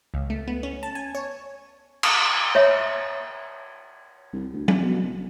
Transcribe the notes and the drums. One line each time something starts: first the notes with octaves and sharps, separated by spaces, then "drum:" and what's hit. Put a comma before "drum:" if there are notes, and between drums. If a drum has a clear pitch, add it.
C#2
A3
B3
C#4
A5
G#5
C#5
drum: cymbal
C#5 E5
C2
D2
E2, drum: tom F#3
B2
F#1